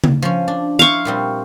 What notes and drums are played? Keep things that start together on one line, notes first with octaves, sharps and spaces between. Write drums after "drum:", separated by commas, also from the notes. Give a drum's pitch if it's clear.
drum: tom C#3
F3 C#4
D4
E4 C5 F5 C#6
A#2 G3 C4